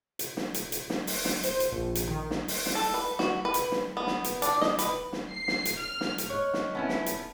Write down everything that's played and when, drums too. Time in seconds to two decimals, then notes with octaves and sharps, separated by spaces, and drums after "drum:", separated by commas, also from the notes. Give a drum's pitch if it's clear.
0.19 drum: hi-hat
0.37 drum: snare
0.54 drum: hi-hat
0.72 drum: hi-hat
0.90 drum: snare
1.07 drum: open hi-hat
1.25 drum: snare
1.44 C5, drum: hi-hat
1.60 drum: hi-hat
1.72 A#1
1.95 drum: hi-hat
2.07 D#3
2.31 drum: snare
2.48 drum: open hi-hat
2.66 drum: snare
2.75 A4
2.94 B4
3.19 F#4, drum: snare
3.45 B4
3.54 drum: hi-hat
3.72 drum: snare
3.97 B3
4.07 drum: snare
4.24 drum: hi-hat
4.42 D4, drum: hi-hat
4.61 D#5, drum: snare
4.79 B4, drum: hi-hat
5.13 drum: snare
5.32 C7
5.48 drum: snare
5.65 drum: hi-hat
5.78 F6
6.01 drum: snare
6.18 drum: hi-hat
6.30 C#5 D#5 C#6 F6 F#6
6.53 drum: snare
6.75 B3 C#4 E4 G#5 A5
6.89 drum: snare
7.06 drum: hi-hat